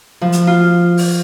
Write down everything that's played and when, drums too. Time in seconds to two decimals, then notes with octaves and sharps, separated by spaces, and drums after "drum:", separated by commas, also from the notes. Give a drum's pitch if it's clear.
0.21 F3
0.32 drum: hi-hat
0.47 F4
0.97 drum: open hi-hat